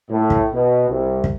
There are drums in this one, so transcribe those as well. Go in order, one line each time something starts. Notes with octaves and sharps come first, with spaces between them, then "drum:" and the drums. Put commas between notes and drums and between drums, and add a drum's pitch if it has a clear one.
A2
drum: kick
B2
C2
drum: kick